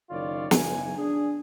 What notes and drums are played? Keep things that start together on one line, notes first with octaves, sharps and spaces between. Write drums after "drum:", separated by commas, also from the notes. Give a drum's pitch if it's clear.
F#1 D#3 F4 C#5 D5
F#1 B1 G#5, drum: snare
D4 G#4